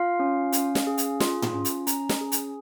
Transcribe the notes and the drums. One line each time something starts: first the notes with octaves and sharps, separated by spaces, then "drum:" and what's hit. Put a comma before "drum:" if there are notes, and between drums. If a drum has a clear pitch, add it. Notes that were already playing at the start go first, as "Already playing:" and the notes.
Already playing: F4 F5
C#4
C#4, drum: hi-hat
drum: snare
G#4
drum: hi-hat
F4, drum: snare
drum: tom
C#4
drum: hi-hat
C#4 A#5, drum: hi-hat
drum: snare
G#4
drum: hi-hat